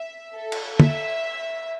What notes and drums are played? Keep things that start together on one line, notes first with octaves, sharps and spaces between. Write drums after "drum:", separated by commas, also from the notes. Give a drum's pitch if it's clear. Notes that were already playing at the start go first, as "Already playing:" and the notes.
Already playing: E5
A4
drum: cymbal
E5, drum: tom